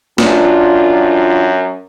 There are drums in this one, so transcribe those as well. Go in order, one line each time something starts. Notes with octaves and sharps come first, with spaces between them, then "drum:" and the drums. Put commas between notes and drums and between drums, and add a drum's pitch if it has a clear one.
F#2 D4 F4, drum: snare